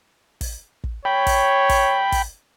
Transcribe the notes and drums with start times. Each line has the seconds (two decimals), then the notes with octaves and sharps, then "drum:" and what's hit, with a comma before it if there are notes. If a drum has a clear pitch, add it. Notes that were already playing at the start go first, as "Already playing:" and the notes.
0.41 drum: kick, open hi-hat
0.84 drum: kick
1.05 C#5 G5 B5
1.27 drum: kick, open hi-hat
1.69 drum: kick, open hi-hat
2.12 drum: kick, open hi-hat